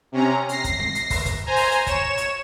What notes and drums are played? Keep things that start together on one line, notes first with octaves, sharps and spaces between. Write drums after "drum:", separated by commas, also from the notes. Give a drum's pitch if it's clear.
C3 C#4 A#5
A#6 C7, drum: hi-hat
drum: kick, hi-hat
drum: snare C4
drum: hi-hat
drum: kick, open hi-hat
drum: kick, hi-hat
C5 G#5 A#5
drum: open hi-hat
drum: hi-hat
C#5 E7, drum: kick, hi-hat
drum: hi-hat